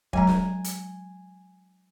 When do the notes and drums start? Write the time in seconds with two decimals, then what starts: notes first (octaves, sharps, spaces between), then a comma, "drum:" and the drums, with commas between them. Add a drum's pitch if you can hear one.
0.13 F#3 G#3 G#5 A#5, drum: kick
0.27 drum: snare
0.64 drum: hi-hat